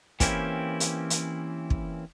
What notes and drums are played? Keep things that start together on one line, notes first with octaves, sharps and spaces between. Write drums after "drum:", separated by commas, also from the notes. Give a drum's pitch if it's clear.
E3 A#3 C4 C#4 E4 G4, drum: kick, hi-hat
drum: hi-hat
drum: hi-hat
drum: kick